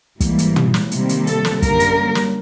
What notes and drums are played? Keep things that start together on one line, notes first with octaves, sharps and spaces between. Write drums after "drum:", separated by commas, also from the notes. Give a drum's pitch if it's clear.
G#2 E3 G3 A#3, drum: kick, hi-hat
drum: hi-hat
drum: tom
drum: snare
C3 D#3 G3 A#3, drum: hi-hat
drum: hi-hat
A4, drum: hi-hat
drum: snare
F#2 D3 G3 A#3 A#4, drum: kick, hi-hat
drum: hi-hat
drum: snare